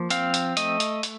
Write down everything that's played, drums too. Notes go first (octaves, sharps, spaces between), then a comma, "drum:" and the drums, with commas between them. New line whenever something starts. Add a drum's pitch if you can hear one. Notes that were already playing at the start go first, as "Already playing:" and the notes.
Already playing: F3 A#3
C4 F5, drum: hi-hat
drum: hi-hat
A3 D#5, drum: hi-hat
drum: hi-hat
drum: hi-hat